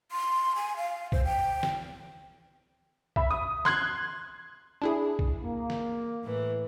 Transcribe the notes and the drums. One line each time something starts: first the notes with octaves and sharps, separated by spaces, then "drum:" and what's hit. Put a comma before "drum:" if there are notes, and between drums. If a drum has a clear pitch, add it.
C6
G#5
F5
C5, drum: kick
G5
drum: snare
E5 B5, drum: kick
D#6
C6 F#6 G#6, drum: snare
D4 E4 G#4
drum: kick
A#3
drum: snare
A2 E3